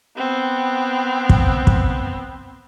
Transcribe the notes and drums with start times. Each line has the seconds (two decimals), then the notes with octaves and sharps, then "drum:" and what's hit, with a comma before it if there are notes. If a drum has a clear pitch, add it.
0.17 B3 C4
1.29 drum: kick
1.67 drum: kick